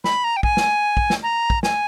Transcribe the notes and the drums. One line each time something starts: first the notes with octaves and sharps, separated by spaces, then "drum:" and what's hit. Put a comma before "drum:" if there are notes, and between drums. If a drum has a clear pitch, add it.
B5, drum: snare
A#5
G5
G#5, drum: kick
drum: snare
drum: kick
drum: snare
A#5
drum: kick
G#5, drum: snare